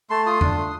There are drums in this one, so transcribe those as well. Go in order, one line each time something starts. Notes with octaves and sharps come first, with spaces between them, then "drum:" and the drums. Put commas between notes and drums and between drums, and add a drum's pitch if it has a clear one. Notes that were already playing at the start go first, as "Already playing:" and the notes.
A3 A5 C6
F4 C6 D#6
D4, drum: tom F2
A3